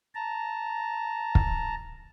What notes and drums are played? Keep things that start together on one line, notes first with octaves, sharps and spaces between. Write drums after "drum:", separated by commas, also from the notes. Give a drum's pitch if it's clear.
A5 A#5
drum: kick